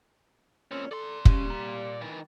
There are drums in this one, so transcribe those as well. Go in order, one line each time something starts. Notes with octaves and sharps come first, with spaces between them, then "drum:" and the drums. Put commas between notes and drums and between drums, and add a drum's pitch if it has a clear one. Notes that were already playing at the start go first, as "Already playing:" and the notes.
A#2 C4 C#4
A4 D5 C6
C#2 G3 C#4, drum: kick
A#2 A#5
D#3 E3